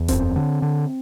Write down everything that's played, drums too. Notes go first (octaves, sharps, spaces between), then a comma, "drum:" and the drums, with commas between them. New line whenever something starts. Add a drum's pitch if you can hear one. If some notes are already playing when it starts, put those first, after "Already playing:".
Already playing: E2
F#2 C4, drum: kick D#1, hi-hat
D3
D3